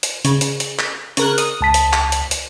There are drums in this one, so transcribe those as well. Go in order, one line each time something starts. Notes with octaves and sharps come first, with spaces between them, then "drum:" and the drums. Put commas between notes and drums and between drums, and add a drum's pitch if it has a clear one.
drum: hi-hat
C#3, drum: hi-hat
drum: hi-hat
drum: hi-hat
drum: clap
C#3 A#4 F#6, drum: hi-hat
D#6, drum: hi-hat
C#2 A5 B6
drum: hi-hat
drum: clap
drum: hi-hat
drum: hi-hat